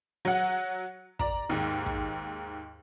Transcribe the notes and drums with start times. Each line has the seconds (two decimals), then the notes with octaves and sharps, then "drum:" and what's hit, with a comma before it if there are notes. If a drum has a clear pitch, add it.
0.25 F#3 F#5
1.19 D5 A#5, drum: kick
1.49 D#2 G#2
1.86 drum: kick